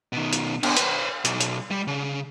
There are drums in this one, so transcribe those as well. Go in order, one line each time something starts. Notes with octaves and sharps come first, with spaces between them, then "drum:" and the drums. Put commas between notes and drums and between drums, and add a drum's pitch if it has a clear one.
B2 D#3
drum: hi-hat
B3 D4, drum: cymbal
B4 C5, drum: hi-hat
B1, drum: hi-hat
drum: hi-hat
G3
C#3